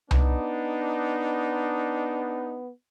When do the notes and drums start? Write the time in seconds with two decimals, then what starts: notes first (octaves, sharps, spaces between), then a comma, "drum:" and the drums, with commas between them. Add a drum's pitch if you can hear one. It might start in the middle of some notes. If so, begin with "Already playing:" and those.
0.11 B3 D4 D#4, drum: tom C2